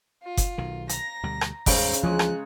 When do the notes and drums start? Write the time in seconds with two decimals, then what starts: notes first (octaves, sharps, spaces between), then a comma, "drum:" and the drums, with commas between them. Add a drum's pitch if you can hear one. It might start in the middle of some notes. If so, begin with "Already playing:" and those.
0.23 F4
0.37 drum: kick F#1, hi-hat
0.58 B1 D#3
0.89 A#5 A#6, drum: hi-hat
1.23 D2 B2 G3
1.41 drum: rim click
1.66 D#2 G#2 C#3 G3 C5 A#5, drum: kick F#1, open hi-hat
1.93 drum: hi-hat
2.03 D2 E3 F3 G#3 C#5 F#6
2.19 drum: rim click